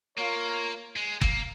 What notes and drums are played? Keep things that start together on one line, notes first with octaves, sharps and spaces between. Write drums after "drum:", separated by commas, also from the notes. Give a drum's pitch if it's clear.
A#3 F4 A#4 C#5
G#3
A#3, drum: kick